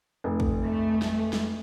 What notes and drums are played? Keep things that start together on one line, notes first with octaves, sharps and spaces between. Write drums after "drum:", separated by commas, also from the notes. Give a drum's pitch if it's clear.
F1
drum: kick
A3
drum: snare
drum: snare